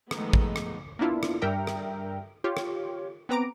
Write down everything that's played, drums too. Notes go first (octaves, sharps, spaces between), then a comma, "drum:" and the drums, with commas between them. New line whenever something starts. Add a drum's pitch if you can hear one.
D#3 F3 G#3 A3 B3 D#4, drum: rim click
drum: kick A1
drum: rim click
A#3 B3 D4 E4 F4
drum: rim click
G2 G3 A#4 E5 G5 A#5
drum: rim click
F4 G4 C#5
drum: rim click
B3 C4 B4 A#5 D6 D7